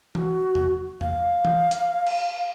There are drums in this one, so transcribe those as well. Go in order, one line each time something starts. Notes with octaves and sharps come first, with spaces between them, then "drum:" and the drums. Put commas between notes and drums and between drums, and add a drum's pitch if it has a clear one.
F#4, drum: tom
drum: tom E2
F5, drum: tom E2
drum: tom
drum: hi-hat
drum: cymbal